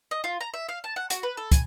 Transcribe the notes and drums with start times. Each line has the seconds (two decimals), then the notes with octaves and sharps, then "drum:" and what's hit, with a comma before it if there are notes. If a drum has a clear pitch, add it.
0.11 D#5
0.24 F4
0.41 A#5
0.54 E5
0.69 F5
0.84 A5
0.96 F#5
1.10 F#4, drum: hi-hat
1.23 B4
1.37 A4
1.52 G#5, drum: kick, hi-hat